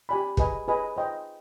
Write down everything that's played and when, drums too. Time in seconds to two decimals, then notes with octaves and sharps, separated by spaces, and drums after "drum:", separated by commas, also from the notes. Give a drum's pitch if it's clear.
0.09 G4 D5 G#5 B5
0.37 G#4 B4 D#5 G#5 B5, drum: kick
0.68 G#4 B4 D#5 G#5 B5
0.97 C5 D#5 G5 C6